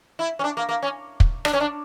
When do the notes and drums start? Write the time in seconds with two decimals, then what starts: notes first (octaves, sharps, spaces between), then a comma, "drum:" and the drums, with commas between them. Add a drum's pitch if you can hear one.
0.19 E4
0.39 C#4
0.44 D4
0.57 A#3
0.69 A#3
0.83 C#4
1.20 drum: kick
1.45 D4, drum: rim click
1.53 C#4
1.60 D4